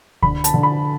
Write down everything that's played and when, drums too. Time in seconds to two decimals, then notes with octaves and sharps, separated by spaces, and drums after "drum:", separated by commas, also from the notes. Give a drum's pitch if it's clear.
0.22 D3 B5, drum: kick C#2
0.44 A5, drum: hi-hat
0.54 D3
0.63 B5